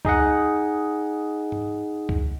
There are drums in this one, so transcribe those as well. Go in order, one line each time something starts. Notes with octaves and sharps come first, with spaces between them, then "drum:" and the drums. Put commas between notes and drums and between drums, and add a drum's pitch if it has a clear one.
D#4 G#4 D#5 F#5, drum: kick C#2
drum: tom G#2
drum: kick C#2